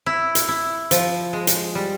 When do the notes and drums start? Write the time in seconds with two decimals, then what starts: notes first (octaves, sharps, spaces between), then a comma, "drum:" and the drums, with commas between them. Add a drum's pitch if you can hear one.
0.06 E4
0.35 drum: hi-hat
0.48 E4
0.91 F3, drum: hi-hat
1.33 G#3
1.47 drum: hi-hat
1.75 G3